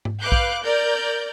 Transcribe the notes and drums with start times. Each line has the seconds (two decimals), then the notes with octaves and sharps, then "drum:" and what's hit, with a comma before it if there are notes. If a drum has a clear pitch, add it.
0.05 drum: tom G#2
0.21 B4 F5 D6 F#6 G6
0.32 drum: kick A#1
0.63 A#4 D5 G6